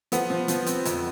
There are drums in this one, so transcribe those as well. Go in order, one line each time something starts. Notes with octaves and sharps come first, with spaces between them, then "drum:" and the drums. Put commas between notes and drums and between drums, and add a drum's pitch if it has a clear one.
F3 B3, drum: hi-hat
F3
F3, drum: hi-hat
C4, drum: hi-hat
F2, drum: hi-hat